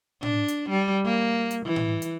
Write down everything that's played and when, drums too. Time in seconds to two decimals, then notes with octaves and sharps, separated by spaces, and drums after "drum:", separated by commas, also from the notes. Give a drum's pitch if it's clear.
0.23 D4, drum: tom A2
0.48 drum: hi-hat
0.70 G3
1.05 A#3
1.51 drum: hi-hat
1.66 E3
1.76 drum: tom A2
2.02 drum: hi-hat